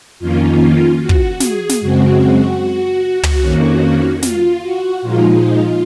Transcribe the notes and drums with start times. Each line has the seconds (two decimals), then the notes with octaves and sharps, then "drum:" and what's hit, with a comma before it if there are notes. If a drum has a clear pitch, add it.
0.19 F2 D#3 A#3 C#4 F4
1.00 F#4
1.09 drum: kick
1.40 G#4, drum: snare
1.69 drum: snare
1.81 F#2 C#3 G#3 C4 F#4
2.20 F#4
3.23 drum: tom
3.41 F2 D#3 A#3 C#4
4.22 F4, drum: snare
4.62 F#4
5.02 A#2 F3 G#3 D#4 F4